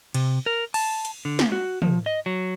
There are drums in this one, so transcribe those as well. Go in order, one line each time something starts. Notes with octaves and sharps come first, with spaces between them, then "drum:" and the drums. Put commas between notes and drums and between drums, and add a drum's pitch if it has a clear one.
C3, drum: cymbal
A#4
A5, drum: cymbal
drum: hi-hat
D3
drum: snare
F#4
F3, drum: tom
D#5
F#3